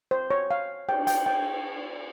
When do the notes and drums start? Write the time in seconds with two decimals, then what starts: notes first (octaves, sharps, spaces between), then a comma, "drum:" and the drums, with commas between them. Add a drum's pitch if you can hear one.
0.11 C5
0.31 C#5
0.51 F5
0.89 G5, drum: cymbal
1.07 G5, drum: hi-hat
1.26 G5